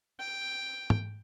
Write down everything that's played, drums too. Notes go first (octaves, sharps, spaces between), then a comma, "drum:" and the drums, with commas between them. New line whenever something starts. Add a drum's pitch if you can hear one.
G5
drum: tom